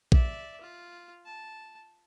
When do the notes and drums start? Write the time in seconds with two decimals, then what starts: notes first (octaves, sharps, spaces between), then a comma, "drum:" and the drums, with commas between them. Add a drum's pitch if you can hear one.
0.12 D5 E5, drum: kick A#1
0.61 F4
1.25 A5